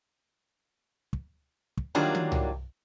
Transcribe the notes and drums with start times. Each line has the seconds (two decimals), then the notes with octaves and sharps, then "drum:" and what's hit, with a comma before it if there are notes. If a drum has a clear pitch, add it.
1.13 drum: kick
1.77 drum: kick
1.95 D#3 F#3 G3 A#3 D4 F4
2.15 drum: tom
2.32 drum: tom C2